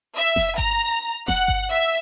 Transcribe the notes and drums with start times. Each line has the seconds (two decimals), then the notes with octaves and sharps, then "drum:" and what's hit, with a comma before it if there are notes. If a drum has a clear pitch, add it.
0.16 E5
0.36 drum: snare F1
0.58 A#5, drum: kick G1
1.28 F#5, drum: snare F1
1.48 drum: kick G1
1.71 E5